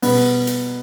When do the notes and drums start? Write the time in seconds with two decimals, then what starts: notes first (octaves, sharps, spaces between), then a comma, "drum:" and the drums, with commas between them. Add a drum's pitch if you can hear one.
0.02 B2 G3 B3, drum: open hi-hat
0.47 drum: hi-hat